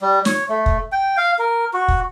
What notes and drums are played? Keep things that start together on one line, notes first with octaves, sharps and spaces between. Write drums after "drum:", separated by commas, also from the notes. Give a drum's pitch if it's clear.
G3
C#5, drum: snare
A3
drum: kick
G5
F5
A#4
F#4
drum: kick